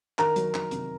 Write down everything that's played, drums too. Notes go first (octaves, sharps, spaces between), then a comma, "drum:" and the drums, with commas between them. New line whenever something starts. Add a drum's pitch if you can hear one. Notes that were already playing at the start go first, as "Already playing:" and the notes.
D#3 A#4 A#5, drum: clap
F#3, drum: hi-hat
D#3, drum: clap
C3, drum: hi-hat